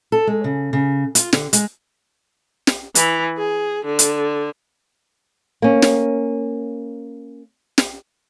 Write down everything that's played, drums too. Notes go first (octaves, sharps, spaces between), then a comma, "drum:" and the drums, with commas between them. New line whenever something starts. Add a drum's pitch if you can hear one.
A4
G#3
C#3
C#3
F4, drum: hi-hat
D3, drum: snare
G#3, drum: hi-hat
drum: snare
E3, drum: hi-hat
G#4
D3
drum: hi-hat
A#3 C#4
drum: snare
drum: snare